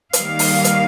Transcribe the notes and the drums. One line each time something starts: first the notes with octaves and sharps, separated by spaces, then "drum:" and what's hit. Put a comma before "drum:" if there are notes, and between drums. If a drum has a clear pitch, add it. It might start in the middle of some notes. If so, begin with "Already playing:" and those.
D#3 G3 A#3 F5, drum: hi-hat
drum: open hi-hat
drum: hi-hat